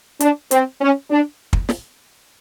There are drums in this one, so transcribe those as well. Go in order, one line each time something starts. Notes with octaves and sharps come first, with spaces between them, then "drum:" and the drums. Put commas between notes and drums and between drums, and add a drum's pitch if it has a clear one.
D4, drum: hi-hat
C4, drum: hi-hat
C#4
D4
drum: kick
drum: snare